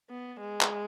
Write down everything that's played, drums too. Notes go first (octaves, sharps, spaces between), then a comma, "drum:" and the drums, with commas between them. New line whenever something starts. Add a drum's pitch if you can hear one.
B3
G#3
drum: clap